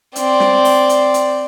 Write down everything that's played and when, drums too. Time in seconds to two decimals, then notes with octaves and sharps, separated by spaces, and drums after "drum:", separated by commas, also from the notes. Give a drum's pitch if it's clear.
0.16 C4 D5, drum: hi-hat
0.40 drum: snare
0.65 drum: open hi-hat
0.89 drum: hi-hat
1.14 drum: hi-hat